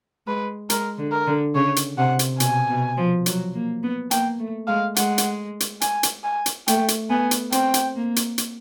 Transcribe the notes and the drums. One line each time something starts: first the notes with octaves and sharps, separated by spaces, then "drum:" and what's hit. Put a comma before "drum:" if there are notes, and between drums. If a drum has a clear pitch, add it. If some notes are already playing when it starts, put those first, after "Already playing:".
G#3 B4
G#3 A#4, drum: hi-hat
D3
A#4
D3
C#3 C#5
drum: hi-hat
C3 F#5
drum: hi-hat
B2 G#5, drum: hi-hat
B2
F3
F#3, drum: hi-hat
A#3
B3
A#3 G5, drum: hi-hat
A3
G#3 F5
G#3 F#5, drum: hi-hat
drum: hi-hat
drum: hi-hat
G#5, drum: hi-hat
drum: hi-hat
G#5
drum: hi-hat
A3 G5, drum: hi-hat
drum: hi-hat
B3 G#5
drum: hi-hat
C4 G5, drum: hi-hat
drum: hi-hat
A#3
drum: hi-hat
drum: hi-hat